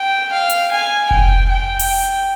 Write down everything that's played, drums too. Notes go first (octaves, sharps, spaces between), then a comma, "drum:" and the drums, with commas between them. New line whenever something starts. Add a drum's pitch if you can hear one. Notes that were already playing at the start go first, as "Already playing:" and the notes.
Already playing: G5
F5
drum: hi-hat
G#5
G5, drum: kick F1
G5
drum: open hi-hat